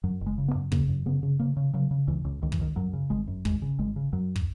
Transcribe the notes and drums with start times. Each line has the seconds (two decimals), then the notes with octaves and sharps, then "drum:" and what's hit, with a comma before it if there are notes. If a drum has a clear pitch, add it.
0.04 F#2 F#3
0.21 F#1
0.26 G#3
0.38 C#3
0.48 B3
0.55 F#2
0.72 C#3 A#3, drum: kick
0.89 F#2
1.06 C#3 B3
1.23 C#3
1.39 C#3 A#3
1.57 C#3
1.74 C#3 F#3
1.91 C#3
2.07 C#2 E3
2.25 C#2
2.43 C#2 D#3
2.52 E3, drum: kick
2.59 C#2 D#3
2.76 F#2 F#3
2.93 C#3
3.10 G#1 G#3
3.27 F#2
3.45 G#1 G#3, drum: kick
3.62 C#3
3.79 G#1 G#3
3.96 C#3
4.13 F#2 F#3
4.36 drum: kick